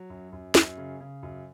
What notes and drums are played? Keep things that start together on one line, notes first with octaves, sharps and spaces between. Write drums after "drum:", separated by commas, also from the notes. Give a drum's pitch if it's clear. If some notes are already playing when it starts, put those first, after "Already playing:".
Already playing: F#3
F#2
F#2
F#2, drum: snare
C#3
C#3
F#2